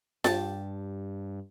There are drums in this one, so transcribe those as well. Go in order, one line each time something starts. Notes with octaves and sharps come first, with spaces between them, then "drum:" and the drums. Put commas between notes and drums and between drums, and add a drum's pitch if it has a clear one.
G2 G4 G5 A5, drum: snare F4